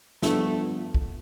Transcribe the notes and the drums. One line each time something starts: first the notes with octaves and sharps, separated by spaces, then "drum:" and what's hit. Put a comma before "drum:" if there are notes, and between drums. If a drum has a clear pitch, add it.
G2 F3 A3 B3 D4 A4, drum: snare
drum: kick